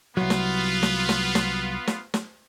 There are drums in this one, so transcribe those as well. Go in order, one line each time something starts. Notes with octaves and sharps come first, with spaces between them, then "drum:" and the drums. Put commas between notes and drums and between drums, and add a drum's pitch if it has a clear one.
C2 F#3 B3 F4
drum: snare
drum: snare
drum: snare
drum: snare
drum: snare
drum: snare